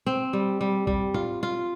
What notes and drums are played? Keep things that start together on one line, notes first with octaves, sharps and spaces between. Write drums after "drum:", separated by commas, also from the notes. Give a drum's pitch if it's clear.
C4
G3
G3
G3, drum: kick A#1
F4, drum: tom A2
F4